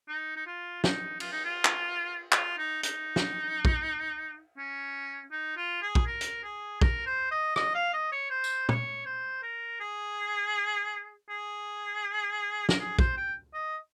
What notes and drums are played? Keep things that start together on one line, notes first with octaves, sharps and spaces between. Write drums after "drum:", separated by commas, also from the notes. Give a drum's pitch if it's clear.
D#4
D#4
F4
D#4, drum: snare
F4, drum: cymbal
D#4
F4
drum: clap
F4, drum: clap
D#4
D#4, drum: hi-hat
drum: snare
drum: kick
C#4
D#4
F4
G#4
drum: kick
A#4
drum: hi-hat
G#4
A#4, drum: kick
C5
D#5
D#5, drum: rim click
F5
D#5
C#5
C5
drum: tambourine
C#5, drum: tom
C5
A#4
G#4
G#4
A#4, drum: snare
G#4
C5, drum: kick
G5
D#5